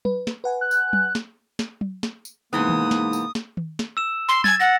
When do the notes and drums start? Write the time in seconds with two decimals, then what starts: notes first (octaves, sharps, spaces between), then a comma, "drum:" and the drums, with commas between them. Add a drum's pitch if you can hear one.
0.05 B4, drum: tom F#3
0.27 drum: snare
0.44 B4 F#5 G#5
0.61 F#6
0.71 drum: tambourine
0.93 drum: tom F#3
1.15 drum: snare
1.59 drum: snare
1.81 drum: tom F#3
2.03 drum: snare
2.25 drum: tambourine
2.53 G#2 C3 E3 A#3 B3 D#6
2.69 drum: tom D#3
2.91 drum: snare
3.13 drum: tambourine
3.35 drum: snare
3.57 drum: tom D#3
3.79 drum: snare
3.97 E6 E7
4.28 C6
4.44 G#6 A6, drum: tom F#3
4.60 F#5 A#6